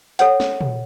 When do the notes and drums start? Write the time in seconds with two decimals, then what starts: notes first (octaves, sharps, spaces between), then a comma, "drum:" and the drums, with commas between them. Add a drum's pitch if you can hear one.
0.19 A4 C#5 F#5, drum: hi-hat
0.40 drum: snare
0.61 drum: tom A#2